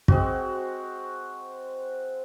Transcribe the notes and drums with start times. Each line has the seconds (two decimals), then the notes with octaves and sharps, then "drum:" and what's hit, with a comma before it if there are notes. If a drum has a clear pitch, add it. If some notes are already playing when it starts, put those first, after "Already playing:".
0.08 G#3 C4 F#4, drum: kick